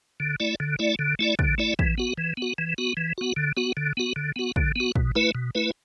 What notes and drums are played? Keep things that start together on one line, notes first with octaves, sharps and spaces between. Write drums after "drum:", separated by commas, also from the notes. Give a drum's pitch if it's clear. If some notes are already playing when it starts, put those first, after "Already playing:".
D3
A3 E4 D5
D3
A3 E4 D5
D3
A3 E4 D5
D3, drum: kick
A3 E4 D5
E3, drum: kick
B3 F#4
E3
B3 F#4
E3
B3 F#4
E3
B3 F#4
D3
B3 F#4
D3
B3 F#4
D3
B3 F#4
D3, drum: kick
B3 F#4
B2, drum: kick
A3 E4 B4
B2
A3 E4 B4